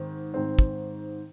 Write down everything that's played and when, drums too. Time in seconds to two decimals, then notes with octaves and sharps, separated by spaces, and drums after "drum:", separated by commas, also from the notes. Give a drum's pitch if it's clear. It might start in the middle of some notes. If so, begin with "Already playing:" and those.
Already playing: G#2 D#3 C4
0.34 G#2 D#3 C4
0.59 drum: kick